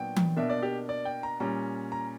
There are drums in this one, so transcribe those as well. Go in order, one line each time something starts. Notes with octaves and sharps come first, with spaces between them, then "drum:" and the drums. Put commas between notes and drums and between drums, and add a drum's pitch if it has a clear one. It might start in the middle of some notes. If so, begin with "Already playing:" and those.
Already playing: A#2 F#3 B3 D4 G5
drum: tom E3
B2 A#3 D4 E5
D5
G4
D5
G5
A#5
A#2 G3 C#4 A#5
A#5